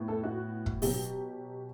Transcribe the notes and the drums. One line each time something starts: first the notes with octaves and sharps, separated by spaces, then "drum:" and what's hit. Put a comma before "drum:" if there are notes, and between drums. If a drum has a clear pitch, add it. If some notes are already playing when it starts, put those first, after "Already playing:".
Already playing: A2 B3
A4
F#4
drum: kick
B2 F#3 B3 G4, drum: open hi-hat